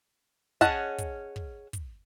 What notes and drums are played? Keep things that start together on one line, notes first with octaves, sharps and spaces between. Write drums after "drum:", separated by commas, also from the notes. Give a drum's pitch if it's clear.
C#4 G#4 D#5 F#5 A5, drum: kick, hi-hat
drum: kick, hi-hat
drum: kick
drum: kick, hi-hat